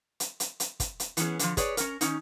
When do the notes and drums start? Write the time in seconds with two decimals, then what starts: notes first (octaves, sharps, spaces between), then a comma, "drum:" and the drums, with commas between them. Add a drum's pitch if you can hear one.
0.20 drum: hi-hat
0.40 drum: hi-hat
0.60 drum: hi-hat
0.80 drum: kick, hi-hat
1.00 drum: hi-hat
1.17 E3 B3 C#4 G#4, drum: hi-hat
1.39 D3 F3, drum: hi-hat
1.57 G#4 B4 C#5 D5, drum: kick, hi-hat
1.77 C#4 A#4, drum: hi-hat
2.01 D#3 C#4 D#4, drum: hi-hat